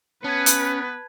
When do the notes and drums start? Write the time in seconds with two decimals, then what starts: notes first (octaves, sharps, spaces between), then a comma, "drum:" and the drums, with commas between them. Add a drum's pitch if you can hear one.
0.24 B3 C#4 B4 A5 G#6
0.46 drum: hi-hat